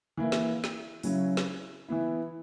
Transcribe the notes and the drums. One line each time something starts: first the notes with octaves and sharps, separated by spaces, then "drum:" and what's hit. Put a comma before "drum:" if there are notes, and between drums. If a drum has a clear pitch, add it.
E3 A#3 E4
drum: snare
drum: snare
C#3 F#3 C#4 E4, drum: open hi-hat
drum: snare
E3 B3 E4